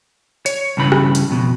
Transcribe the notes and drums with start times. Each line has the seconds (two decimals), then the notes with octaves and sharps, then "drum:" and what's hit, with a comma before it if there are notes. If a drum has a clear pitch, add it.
0.46 C#5, drum: hi-hat
0.77 G2 C#3 E3 B5
0.92 drum: rim click
1.15 drum: hi-hat
1.30 F2 B2